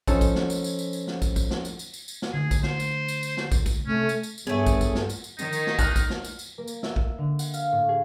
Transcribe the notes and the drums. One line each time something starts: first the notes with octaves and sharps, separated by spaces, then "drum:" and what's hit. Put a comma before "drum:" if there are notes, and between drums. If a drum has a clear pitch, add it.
F3 C#4 D#4 A4 C5 C#5, drum: kick, tambourine
drum: kick, tambourine
drum: snare
drum: tambourine
drum: tambourine
drum: tambourine
drum: tambourine
drum: snare
drum: kick, tambourine
drum: kick, tambourine
drum: snare
drum: tambourine
drum: tambourine
drum: tambourine
drum: tambourine
drum: snare
D3 A3 G#4
drum: kick, tambourine
C5, drum: snare
drum: tambourine
drum: tambourine
drum: tambourine
drum: snare
drum: kick, tambourine
drum: kick, tambourine
C3 A3 C#4
drum: tambourine
drum: tambourine
drum: tambourine
G2 A3 B3 G#4 C#5 E5
drum: kick, tambourine
drum: kick, tambourine
drum: snare
drum: tambourine
drum: tambourine
D#3 D#4, drum: tambourine
drum: tambourine
drum: snare
F6 F#6, drum: kick, tambourine
drum: kick, tambourine
drum: snare
drum: tambourine
drum: tambourine
A#3
drum: tambourine
E5, drum: snare
drum: kick
D3
F#5, drum: tambourine
F5, drum: tambourine
A2
G#4